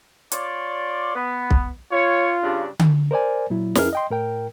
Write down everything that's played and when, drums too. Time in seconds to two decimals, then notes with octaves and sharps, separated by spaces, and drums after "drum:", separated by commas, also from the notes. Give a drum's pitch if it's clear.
0.32 F4 C#5 D5, drum: hi-hat
1.15 B3
1.51 drum: kick B1
1.92 F4 C#5
2.43 G2 C#3 D4
2.79 drum: tom D3
3.11 A#4 C5 D5 G#5
3.50 A#2 F#3 E4
3.75 F2 C#4 E4 G#4 A#4 F6, drum: snare
3.93 D#5 G5 C6
4.10 A2 A#4 G5